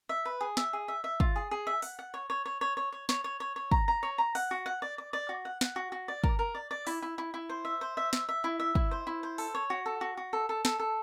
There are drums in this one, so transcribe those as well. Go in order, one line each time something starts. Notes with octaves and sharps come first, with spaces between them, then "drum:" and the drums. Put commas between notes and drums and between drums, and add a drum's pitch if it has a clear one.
E5
B4
G#4
E5, drum: snare
G#4
E5
E5
F4, drum: kick
G#4
G#4
E5
F#5, drum: open hi-hat
F#5
C#5
C#5
C#5
C#5
C#5
C#5
C#5, drum: snare
C#5
C#5
C#5
A#5, drum: kick
A#5
C#5
A#5
F#5, drum: open hi-hat
F#4
F#5
D5
D5
D5
F#4
F#5
F#5, drum: snare
F#4
F#4
D5
A#4, drum: kick
A#4
D5
D5
E4, drum: open hi-hat
E4
E4
E4
C5
E5
C5
E5
E5, drum: snare
E5
E4
E5
E4, drum: kick
C5
E4
C5
A4, drum: open hi-hat
C#5
F#4
A4
F#4
F#4
A4
A4
A4, drum: snare
A4